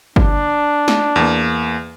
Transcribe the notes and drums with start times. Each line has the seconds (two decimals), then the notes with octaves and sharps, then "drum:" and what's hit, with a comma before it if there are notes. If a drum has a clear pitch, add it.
0.16 D4, drum: kick G1
0.88 drum: snare
1.16 E2 A#3